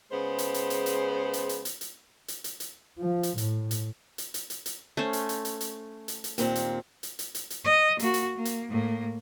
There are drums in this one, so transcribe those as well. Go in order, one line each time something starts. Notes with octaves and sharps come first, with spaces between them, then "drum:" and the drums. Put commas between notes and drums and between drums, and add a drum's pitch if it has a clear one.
C#3 G#3 B3 C5
drum: hi-hat
drum: hi-hat
drum: hi-hat
drum: hi-hat
drum: hi-hat
drum: hi-hat
drum: hi-hat
drum: hi-hat
drum: hi-hat
drum: hi-hat
drum: hi-hat
F3
drum: hi-hat
A2, drum: hi-hat
drum: hi-hat
drum: hi-hat
drum: hi-hat
drum: hi-hat
drum: hi-hat
A3 C#4 C5
drum: hi-hat
drum: hi-hat
drum: hi-hat
drum: hi-hat
drum: hi-hat
drum: hi-hat
D#2 A#2 C4, drum: hi-hat
drum: hi-hat
drum: hi-hat
drum: hi-hat
drum: hi-hat
drum: hi-hat
D#5
A#3 F#4, drum: hi-hat
drum: hi-hat
A#3
drum: hi-hat
A2 A#3